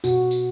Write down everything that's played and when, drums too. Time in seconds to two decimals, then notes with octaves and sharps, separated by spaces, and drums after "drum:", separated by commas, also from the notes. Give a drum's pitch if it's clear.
0.04 B2 F#4, drum: tambourine
0.31 drum: tambourine